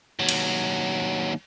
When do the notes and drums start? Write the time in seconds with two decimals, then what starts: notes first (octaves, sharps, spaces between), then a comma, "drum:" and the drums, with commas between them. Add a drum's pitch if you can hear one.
0.19 D#2 F#3
0.29 drum: cymbal